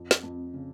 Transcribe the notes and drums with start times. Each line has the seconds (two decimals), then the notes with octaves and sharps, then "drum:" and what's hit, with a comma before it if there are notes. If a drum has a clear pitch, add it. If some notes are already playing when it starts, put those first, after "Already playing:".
Already playing: F2
0.11 drum: snare
0.23 F2
0.54 C#3